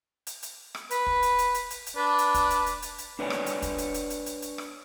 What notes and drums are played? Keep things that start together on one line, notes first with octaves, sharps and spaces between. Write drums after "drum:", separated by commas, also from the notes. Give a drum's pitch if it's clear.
drum: hi-hat
drum: hi-hat
drum: rim click
B4, drum: hi-hat
drum: kick
drum: hi-hat
drum: hi-hat
drum: hi-hat
drum: hi-hat
drum: hi-hat
D4 B4
drum: hi-hat
drum: kick, hi-hat
drum: hi-hat
drum: hi-hat
drum: hi-hat
drum: hi-hat
D4 B4 C#5 D5 G#5
drum: rim click
drum: hi-hat
drum: kick, hi-hat
drum: hi-hat
drum: hi-hat
drum: hi-hat
drum: hi-hat
drum: hi-hat
drum: rim click